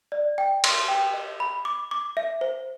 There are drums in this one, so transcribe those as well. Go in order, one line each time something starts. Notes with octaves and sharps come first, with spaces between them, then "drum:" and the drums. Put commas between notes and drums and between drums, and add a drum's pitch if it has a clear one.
D5
G5
C6, drum: cymbal
G5
D#5
B5
D6
D6
E5
C5